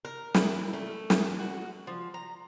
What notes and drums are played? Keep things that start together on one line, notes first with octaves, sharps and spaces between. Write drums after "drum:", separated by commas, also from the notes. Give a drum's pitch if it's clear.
A#4
E4, drum: snare
A3
drum: snare
F#4
F3
A#5